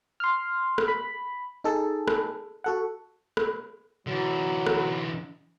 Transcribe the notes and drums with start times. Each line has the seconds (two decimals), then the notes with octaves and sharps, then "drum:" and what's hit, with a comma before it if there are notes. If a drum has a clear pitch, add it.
0.20 C6 F6
0.78 drum: rim click
0.88 B5
1.64 D#4 G#4 A4
2.08 drum: rim click
2.64 F#4 A4 F#5
3.37 drum: rim click
4.07 D3 E3 F#3
4.67 drum: rim click